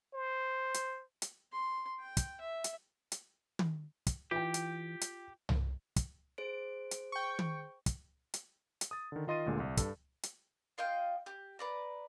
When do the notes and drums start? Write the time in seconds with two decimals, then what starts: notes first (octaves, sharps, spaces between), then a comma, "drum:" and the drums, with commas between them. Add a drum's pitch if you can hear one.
0.14 C5
0.74 drum: hi-hat
1.22 drum: hi-hat
1.52 C6
2.00 G5
2.17 drum: kick, hi-hat
2.40 E5
2.64 drum: hi-hat
3.12 drum: hi-hat
3.59 drum: tom
4.07 drum: kick, hi-hat
4.31 E3 F4 G4 G5
4.54 drum: hi-hat
5.01 drum: hi-hat
5.49 drum: tom C2
5.96 drum: kick, hi-hat
6.38 G#4 C5 D7
6.91 drum: hi-hat
7.12 G5 C#6
7.39 drum: tom
7.86 drum: kick, hi-hat
8.34 drum: hi-hat
8.81 drum: hi-hat
8.91 D#6 A6
9.12 D3 D#3
9.27 D#3 F4 D#5 C6 A6 D#7
9.46 D2 A#2 D3 G#3
9.60 C2
9.77 G2 A4, drum: kick, hi-hat
10.23 drum: hi-hat
10.78 F4 D#5 F5 G5
11.26 G4
11.59 B4 D5 A#5